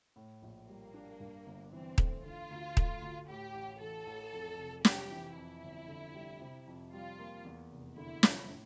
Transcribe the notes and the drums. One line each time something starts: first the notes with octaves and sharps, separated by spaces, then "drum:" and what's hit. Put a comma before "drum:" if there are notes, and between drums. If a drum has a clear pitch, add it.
A2
A#1
G3 A#3
D4
G2
G1
E3 C4
A3, drum: kick D#1
D3 F4
D2
A3, drum: kick D#1
D2
A2 G4
A1
E3 A4
A1
F2
F1
C3 G4, drum: snare
E3
F2 E4
G1
D3
G3
C3
F2
G3 F4
A#3
E2
F1
D3 E4
F3, drum: snare
A2